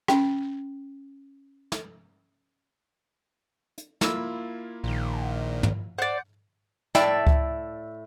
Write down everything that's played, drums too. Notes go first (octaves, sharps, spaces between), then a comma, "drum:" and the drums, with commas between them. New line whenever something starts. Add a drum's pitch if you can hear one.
C#4 G5, drum: rim click
drum: snare
drum: hi-hat
A#3 E4 F4 B5 E6, drum: snare
A#1 A#2 D#3
drum: tom
C5 D5 F#5
A2 D5 E5 G5 A5, drum: snare
drum: kick C#2